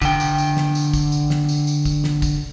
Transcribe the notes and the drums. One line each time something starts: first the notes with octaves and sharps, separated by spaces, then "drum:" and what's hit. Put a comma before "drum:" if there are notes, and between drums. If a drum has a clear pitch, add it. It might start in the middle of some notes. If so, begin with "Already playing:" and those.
D3 G5, drum: kick, tambourine
drum: tambourine
drum: tambourine
drum: snare
drum: tambourine
drum: kick, tambourine
drum: tambourine
drum: snare
drum: tambourine
drum: tambourine
drum: kick, tambourine
drum: snare
drum: kick, tambourine